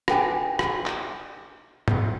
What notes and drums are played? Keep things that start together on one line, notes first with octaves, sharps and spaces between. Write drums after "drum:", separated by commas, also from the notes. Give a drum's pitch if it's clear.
D4 B4 G5 G#5, drum: rim click
drum: rim click
drum: clap
drum: tom